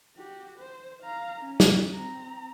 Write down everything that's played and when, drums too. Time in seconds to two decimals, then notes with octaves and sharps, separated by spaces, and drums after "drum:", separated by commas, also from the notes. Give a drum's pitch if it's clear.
0.17 F#4 G4
0.59 C5
1.02 F5 A#5
1.41 C#4
1.60 drum: snare
1.93 C4 A#5